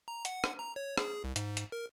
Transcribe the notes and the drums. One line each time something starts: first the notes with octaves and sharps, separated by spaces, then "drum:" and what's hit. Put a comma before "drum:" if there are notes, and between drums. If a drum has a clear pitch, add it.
A#5
F#5, drum: hi-hat
drum: rim click
A#5
C#5
G#4, drum: rim click
C2
G#2, drum: hi-hat
drum: hi-hat
A#4